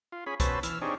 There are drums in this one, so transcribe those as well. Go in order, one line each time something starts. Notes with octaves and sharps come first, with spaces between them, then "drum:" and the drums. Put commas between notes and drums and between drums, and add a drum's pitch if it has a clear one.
F4
C#4 G#4 B5
B2 C#4 B4 C5 A5 E6, drum: kick, hi-hat
E3 E6 F6, drum: hi-hat
C4 D4 D#4 G4 G#4 C#5